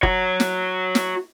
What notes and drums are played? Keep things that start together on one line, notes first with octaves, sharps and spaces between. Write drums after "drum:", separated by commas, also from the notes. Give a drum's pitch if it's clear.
F#4 C#5, drum: kick
drum: snare
drum: snare